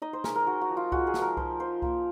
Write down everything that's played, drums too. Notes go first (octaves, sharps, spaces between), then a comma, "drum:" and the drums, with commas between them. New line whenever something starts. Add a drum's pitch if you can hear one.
D#4 D#5
C5
G#3 A#4, drum: snare
A#4
D#4 F#4
F#4
F3
F4
G#3 F#4, drum: kick C2
G#4
F3, drum: snare
A#4
F3 C5, drum: kick C2
F3 C5
A#3, drum: kick C2